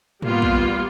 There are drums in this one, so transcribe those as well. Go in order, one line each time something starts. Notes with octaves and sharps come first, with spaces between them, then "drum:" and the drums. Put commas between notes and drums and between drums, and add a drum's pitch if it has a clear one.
G3 A#3 B3 F4, drum: tom G#2
drum: kick